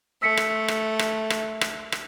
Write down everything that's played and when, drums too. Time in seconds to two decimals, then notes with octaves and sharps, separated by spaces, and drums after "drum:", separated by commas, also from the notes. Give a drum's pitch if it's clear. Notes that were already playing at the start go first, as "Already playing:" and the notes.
0.22 A3 E6 B6 C#7
0.37 drum: rim click
0.68 drum: rim click
0.99 drum: rim click
1.30 drum: rim click
1.61 drum: rim click
1.92 drum: rim click